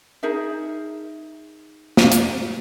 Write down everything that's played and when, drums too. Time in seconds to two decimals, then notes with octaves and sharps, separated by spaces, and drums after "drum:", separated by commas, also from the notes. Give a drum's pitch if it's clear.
0.23 D#4 G#4 A#4 E5
1.97 drum: snare
2.12 drum: hi-hat